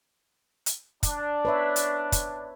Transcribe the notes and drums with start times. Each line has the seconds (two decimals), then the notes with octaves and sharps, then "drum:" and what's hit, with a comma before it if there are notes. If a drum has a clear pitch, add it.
0.66 drum: hi-hat
1.03 D4, drum: kick, hi-hat
1.45 B4 C#5 E5
1.76 drum: hi-hat
2.12 drum: kick, hi-hat